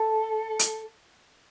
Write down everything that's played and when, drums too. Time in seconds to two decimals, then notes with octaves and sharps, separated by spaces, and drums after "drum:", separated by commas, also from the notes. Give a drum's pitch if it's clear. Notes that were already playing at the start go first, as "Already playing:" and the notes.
Already playing: A4
0.59 drum: hi-hat